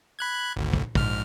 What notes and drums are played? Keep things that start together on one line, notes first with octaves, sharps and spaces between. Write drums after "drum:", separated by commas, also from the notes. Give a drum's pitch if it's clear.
B5 F#6 G#6
G#1 D2
drum: kick
A#1 G#2 F6, drum: kick